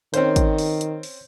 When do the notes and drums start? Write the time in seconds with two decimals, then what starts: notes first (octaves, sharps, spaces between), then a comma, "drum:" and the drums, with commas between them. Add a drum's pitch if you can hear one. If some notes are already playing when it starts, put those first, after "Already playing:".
0.14 D#3 C4 C#4 C5, drum: hi-hat
0.36 drum: kick, hi-hat
0.58 drum: open hi-hat
0.81 drum: hi-hat
1.03 drum: open hi-hat